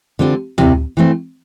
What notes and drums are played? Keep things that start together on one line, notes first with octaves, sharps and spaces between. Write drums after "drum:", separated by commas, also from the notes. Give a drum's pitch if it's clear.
D3 G3 C4 F4
F2 C3 G3 C4 E4, drum: tom
E3 A3 C4